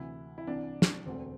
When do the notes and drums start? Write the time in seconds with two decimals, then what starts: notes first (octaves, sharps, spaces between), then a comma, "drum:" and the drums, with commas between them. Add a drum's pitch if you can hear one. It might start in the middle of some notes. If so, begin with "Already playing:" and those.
Already playing: D2 C3 E3 E4
0.38 E4
0.47 C2 C3 E3 D4
0.82 drum: snare
1.06 E1 D2 D3 C4